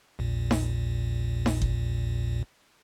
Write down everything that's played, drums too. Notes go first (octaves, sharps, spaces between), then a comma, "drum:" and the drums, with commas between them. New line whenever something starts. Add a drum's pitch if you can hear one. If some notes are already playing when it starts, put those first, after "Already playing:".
A#1 E2 A#2
drum: snare D#4
drum: snare D#4
drum: kick G1